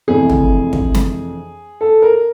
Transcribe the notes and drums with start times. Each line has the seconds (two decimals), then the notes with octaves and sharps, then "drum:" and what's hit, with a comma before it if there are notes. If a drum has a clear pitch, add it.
0.07 F2 C3 E3 A3 D4 G#4
0.29 drum: tom
0.73 drum: kick
0.95 drum: snare
1.81 A4
2.02 A#4